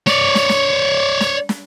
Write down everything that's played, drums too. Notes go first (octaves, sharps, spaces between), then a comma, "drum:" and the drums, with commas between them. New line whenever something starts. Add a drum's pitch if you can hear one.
C#5 D5, drum: snare
drum: snare
drum: snare
drum: snare
drum: snare